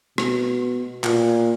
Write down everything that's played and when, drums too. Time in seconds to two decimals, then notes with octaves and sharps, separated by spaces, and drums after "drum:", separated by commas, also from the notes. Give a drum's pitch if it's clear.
0.18 B2, drum: rim click
1.04 A#2, drum: clap